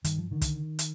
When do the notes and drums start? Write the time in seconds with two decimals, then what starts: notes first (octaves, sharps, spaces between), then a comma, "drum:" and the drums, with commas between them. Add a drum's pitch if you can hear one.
0.04 G2 D#3, drum: hi-hat
0.18 F3
0.31 D3 D#3
0.42 drum: kick, hi-hat
0.79 drum: hi-hat